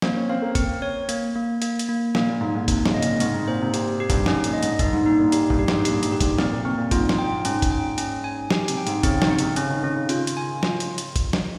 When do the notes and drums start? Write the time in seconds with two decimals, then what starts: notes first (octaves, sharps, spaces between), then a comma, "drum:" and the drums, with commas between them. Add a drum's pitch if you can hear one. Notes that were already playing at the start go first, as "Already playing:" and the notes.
0.02 A#3 C4, drum: snare
0.16 C#4
0.29 C4 F5
0.42 A#3
0.55 C4, drum: kick F#1, hi-hat
0.82 C#5
1.09 A#3, drum: hi-hat
1.35 A#3
1.62 A#3, drum: hi-hat
1.79 drum: hi-hat
1.89 A#3
2.15 A#2 A#3, drum: snare
2.29 A#2
2.41 G#2 A#3
2.55 G#2
2.68 C3 A#3, drum: kick F#1, hi-hat
2.86 C#3, drum: snare
2.94 D#5
3.02 A#2, drum: hi-hat
3.20 G#2 C4, drum: hi-hat
3.34 G#2
3.47 A#2 C5
3.61 C3
3.74 A#2 G4, drum: hi-hat
4.00 G4
4.10 G2, drum: kick F#1, hi-hat
4.26 G#2 C#4, drum: snare
4.44 A#2, drum: hi-hat
4.53 D#5
4.63 G#2, drum: hi-hat
4.79 G2 D#4, drum: kick F#1, hi-hat
4.93 G#2
5.06 A#2 D#4
5.20 A#2
5.32 A#2 G4, drum: hi-hat
5.50 G2, drum: kick F#1
5.59 G4
5.68 G#2, drum: snare
5.85 A#2 G4, drum: hi-hat
6.03 G#2, drum: hi-hat
6.12 G4
6.20 G#2, drum: kick F#1, hi-hat
6.38 A#2 C4, drum: snare
6.52 A#2
6.65 C3 C4
6.78 A#2
6.91 G#2 F4, drum: kick F#1, hi-hat
7.09 drum: snare
7.18 G5
7.45 G#2 C#4, drum: hi-hat
7.62 drum: kick F#1, hi-hat
7.71 G5
7.98 C#4, drum: hi-hat
8.24 G#5
8.51 G4, drum: snare
8.68 C3, drum: hi-hat
8.77 G5
8.87 G#2, drum: hi-hat
9.03 C#3 C4, drum: kick F#1, hi-hat
9.22 D#3, drum: snare
9.30 C4
9.39 C3, drum: hi-hat
9.56 C#3 C#4, drum: hi-hat
9.70 D#3
9.83 D#3 C#4
9.96 C#3
10.09 C#3 F4, drum: hi-hat
10.27 drum: hi-hat
10.37 G#5
10.63 F4, drum: snare
10.80 drum: hi-hat
10.98 drum: hi-hat
11.16 drum: kick F#1, hi-hat
11.33 drum: snare